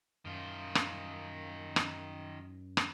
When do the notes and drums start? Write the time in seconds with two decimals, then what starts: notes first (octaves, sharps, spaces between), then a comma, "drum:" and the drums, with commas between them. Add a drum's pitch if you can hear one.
0.25 F#2 D#3 F4
0.75 drum: rim click
1.76 drum: rim click
2.77 drum: rim click